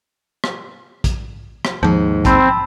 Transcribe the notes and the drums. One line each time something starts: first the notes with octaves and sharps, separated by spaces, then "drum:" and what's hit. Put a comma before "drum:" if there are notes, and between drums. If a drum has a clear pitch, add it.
drum: rim click
drum: kick, hi-hat
drum: rim click
D#2 G#2 F3
C4 A5 B5 E6, drum: kick, hi-hat